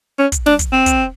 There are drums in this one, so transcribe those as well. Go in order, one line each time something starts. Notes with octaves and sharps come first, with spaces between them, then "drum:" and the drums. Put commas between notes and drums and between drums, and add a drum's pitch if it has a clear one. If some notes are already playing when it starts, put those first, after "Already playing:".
C#4
drum: kick, hi-hat
D4, drum: snare
drum: kick, hi-hat
C4
drum: kick, hi-hat